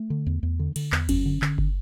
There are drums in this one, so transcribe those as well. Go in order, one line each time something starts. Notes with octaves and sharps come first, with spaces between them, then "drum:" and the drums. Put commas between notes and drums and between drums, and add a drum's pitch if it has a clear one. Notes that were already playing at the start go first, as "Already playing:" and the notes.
Already playing: A3
D3
E2
E2
D3
D3, drum: cymbal
E2, drum: clap
F#2 C#4, drum: kick F#1, cymbal
D3
D3, drum: clap
drum: kick F#1